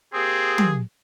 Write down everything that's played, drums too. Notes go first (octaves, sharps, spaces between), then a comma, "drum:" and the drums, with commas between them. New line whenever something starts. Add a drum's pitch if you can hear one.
A#3 C4 G4 G#4
drum: tom